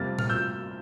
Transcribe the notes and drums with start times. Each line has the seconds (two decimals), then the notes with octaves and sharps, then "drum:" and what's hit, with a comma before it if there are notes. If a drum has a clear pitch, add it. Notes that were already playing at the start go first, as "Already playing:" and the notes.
Already playing: F2 C3 G3 A#3 F6 A6
0.19 F6, drum: tom A#2
0.30 E6 G6